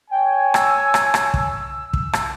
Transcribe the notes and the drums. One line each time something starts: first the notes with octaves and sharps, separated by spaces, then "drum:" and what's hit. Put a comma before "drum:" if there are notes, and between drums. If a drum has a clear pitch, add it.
C#5 G5 G#5
E6, drum: rim click
drum: rim click
drum: rim click
drum: kick
drum: kick
drum: rim click